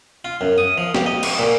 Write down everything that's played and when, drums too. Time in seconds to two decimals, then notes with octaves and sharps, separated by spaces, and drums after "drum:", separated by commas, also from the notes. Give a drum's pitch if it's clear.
0.25 F4
0.41 F#2
0.58 D#6
0.78 F3
0.95 G4, drum: snare
1.06 D#5
1.23 C#6, drum: cymbal
1.39 A#2